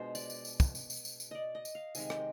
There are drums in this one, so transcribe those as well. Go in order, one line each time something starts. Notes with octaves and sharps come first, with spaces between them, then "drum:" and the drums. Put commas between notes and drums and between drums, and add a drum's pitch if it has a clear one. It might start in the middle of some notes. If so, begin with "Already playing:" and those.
Already playing: B2 G#3 D4 F4 C5
D5, drum: tambourine
drum: tambourine
drum: tambourine
drum: kick, tambourine
drum: tambourine
drum: tambourine
drum: tambourine
drum: tambourine
D5 D#5
D#5
drum: tambourine
F5
C3 D#3 G#3 G#5, drum: tambourine
G5, drum: rim click